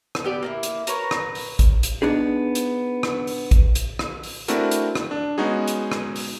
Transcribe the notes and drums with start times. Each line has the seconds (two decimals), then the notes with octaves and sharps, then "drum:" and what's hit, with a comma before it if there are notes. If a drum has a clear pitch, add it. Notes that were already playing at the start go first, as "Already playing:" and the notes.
0.15 drum: rim click
0.24 B3 G4 D5
0.43 A#3 D4 E4
0.63 drum: hi-hat
0.87 A#4 B4 C#5 A#5, drum: hi-hat
1.11 drum: rim click
1.35 drum: open hi-hat
1.59 drum: kick, hi-hat
1.83 drum: hi-hat
2.02 B3 D4 D#4 G#4
2.55 drum: hi-hat
3.03 drum: rim click
3.27 drum: open hi-hat
3.51 drum: kick, hi-hat
3.75 drum: hi-hat
3.99 drum: rim click
4.23 drum: open hi-hat
4.48 A3 C4 D4 E4 F#4 A#4, drum: hi-hat
4.71 drum: hi-hat
4.95 drum: rim click
5.11 D4
5.38 G#3 B3 C#4 D#4 F#4 G#4
5.68 drum: hi-hat
5.92 drum: rim click
6.16 drum: open hi-hat